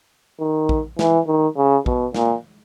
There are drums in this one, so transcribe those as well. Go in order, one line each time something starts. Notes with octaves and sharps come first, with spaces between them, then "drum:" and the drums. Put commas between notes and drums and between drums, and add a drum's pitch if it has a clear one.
D#3
drum: kick A#1
E3, drum: snare
D#3
C#3
B2, drum: kick A#1
A#2, drum: snare